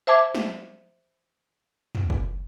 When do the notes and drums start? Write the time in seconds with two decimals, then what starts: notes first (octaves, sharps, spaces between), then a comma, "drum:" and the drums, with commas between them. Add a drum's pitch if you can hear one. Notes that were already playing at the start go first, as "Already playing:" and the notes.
0.07 C5 E5 A5 D6 G#6
0.35 drum: snare
1.95 drum: tom
2.10 drum: kick